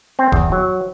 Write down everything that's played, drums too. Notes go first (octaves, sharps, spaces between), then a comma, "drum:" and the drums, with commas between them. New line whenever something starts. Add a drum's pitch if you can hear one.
C4
E2, drum: kick E1
F#3